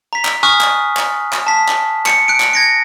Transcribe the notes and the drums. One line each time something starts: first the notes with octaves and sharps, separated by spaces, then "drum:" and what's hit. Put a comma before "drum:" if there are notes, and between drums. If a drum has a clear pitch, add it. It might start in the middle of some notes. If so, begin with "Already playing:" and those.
A#5 B6
drum: clap
G#5 C#6 D#6 F6 F#6 B6
drum: clap
drum: clap
drum: clap
A5 B6
drum: clap
C#7, drum: clap
F#6 C#7 D7
drum: clap
G#6 A#6 C#7